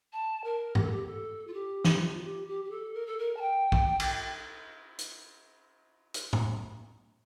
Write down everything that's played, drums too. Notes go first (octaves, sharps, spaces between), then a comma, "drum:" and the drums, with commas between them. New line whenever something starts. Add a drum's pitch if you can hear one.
A5
A#4
G4, drum: tom G#2
A4
G4
A4
F4
G4
drum: snare
F4
F4
G4
G4
G4
A4
A#4
A4
A#4
A5
G5
drum: kick
G5
G5, drum: cymbal
drum: hi-hat
drum: hi-hat
drum: tom A2